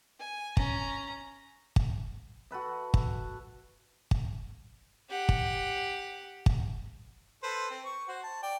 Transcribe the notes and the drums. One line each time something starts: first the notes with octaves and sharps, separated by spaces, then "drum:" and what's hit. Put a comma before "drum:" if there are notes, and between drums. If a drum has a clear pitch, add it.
G#5
C#4 A#5, drum: kick
drum: kick
F#4 A4 B4 E5
drum: kick
drum: kick
G4 F#5
drum: kick
drum: kick
A4 B4 C5
C4
C#6
F#4 C5
A5
D5 G5